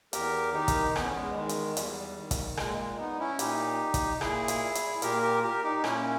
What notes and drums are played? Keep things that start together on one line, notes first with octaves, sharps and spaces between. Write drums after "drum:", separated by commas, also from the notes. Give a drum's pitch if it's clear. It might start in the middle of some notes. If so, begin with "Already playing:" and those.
E2 G4 A#4, drum: hi-hat
D#3 D#4 G4
drum: kick, hi-hat
E2 B3, drum: rim click
C#4
G#3 B3
D#3 G#3
drum: hi-hat
E2 G3, drum: hi-hat
D#3
drum: kick, hi-hat
A#2 G#3, drum: rim click
G#3
B3 D#4
C#4 E4
A#2 D#4 G4, drum: hi-hat
drum: kick, hi-hat
A#2 E4 G#4, drum: rim click
drum: hi-hat
drum: hi-hat
A#2 G4 A#4, drum: hi-hat
G4 A#4
G4 A#4
D#4 G4
A#2 C#4 E4, drum: rim click